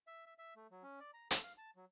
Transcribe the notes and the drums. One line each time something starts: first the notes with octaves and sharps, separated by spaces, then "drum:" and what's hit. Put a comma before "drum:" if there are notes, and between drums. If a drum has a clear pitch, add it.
E5
E5
E5
A3
F#3
C#4
D5
A#5
A4, drum: hi-hat
F5
A5
F#3